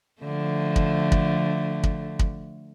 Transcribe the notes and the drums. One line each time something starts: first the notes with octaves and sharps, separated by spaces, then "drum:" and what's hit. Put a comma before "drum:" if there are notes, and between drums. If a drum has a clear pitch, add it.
D3 F3 A3
drum: kick
drum: kick
drum: kick
drum: kick